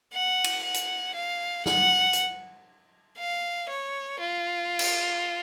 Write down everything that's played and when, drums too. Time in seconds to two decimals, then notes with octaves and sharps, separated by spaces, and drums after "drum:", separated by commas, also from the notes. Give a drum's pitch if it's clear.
0.13 F#5
0.44 drum: cymbal
0.63 F#5
0.74 drum: hi-hat
1.15 F5
1.66 F#5, drum: snare
2.13 drum: hi-hat
3.18 F5
3.69 C#5
4.20 F4
4.79 drum: cymbal